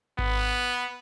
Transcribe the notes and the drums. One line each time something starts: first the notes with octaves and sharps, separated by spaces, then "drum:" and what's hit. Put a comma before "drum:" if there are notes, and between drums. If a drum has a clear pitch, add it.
B3, drum: kick G#1